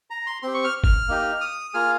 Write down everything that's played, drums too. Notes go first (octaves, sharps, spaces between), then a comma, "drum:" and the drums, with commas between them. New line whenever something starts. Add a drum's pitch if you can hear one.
A#5
C6
C4 G4 C6
C#6
F6
F6, drum: kick
A#3 D#4 G4
D#6
A#3 F4 G#4 F6